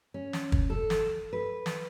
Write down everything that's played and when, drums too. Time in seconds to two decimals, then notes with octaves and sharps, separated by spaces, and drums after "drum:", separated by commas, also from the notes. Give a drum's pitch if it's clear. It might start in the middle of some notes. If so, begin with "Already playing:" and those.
0.14 C#4
0.33 drum: snare
0.52 drum: kick
0.70 A4
0.90 drum: snare
1.33 B4
1.66 drum: snare